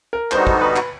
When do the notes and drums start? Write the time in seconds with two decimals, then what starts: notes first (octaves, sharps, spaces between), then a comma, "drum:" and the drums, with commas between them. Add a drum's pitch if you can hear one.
0.13 A#4
0.31 D3 G3 B3 D#4 F#4 C5, drum: clap
0.47 drum: kick
0.61 B4
0.76 drum: clap